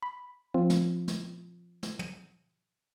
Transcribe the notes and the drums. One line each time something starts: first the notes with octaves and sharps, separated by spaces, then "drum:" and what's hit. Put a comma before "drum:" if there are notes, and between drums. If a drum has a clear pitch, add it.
B5
F3 C4 F4
drum: snare
drum: snare
drum: snare
drum: tom